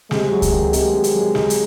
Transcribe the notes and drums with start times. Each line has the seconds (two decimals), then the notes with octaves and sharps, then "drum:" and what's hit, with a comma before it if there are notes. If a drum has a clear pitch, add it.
0.11 C3 G#3, drum: snare
0.32 F#3
0.42 drum: kick C#2, hi-hat
0.52 D#3
0.73 C3 G#3, drum: hi-hat
0.94 C3
1.04 drum: hi-hat
1.14 F#3
1.35 D#4, drum: snare
1.50 drum: hi-hat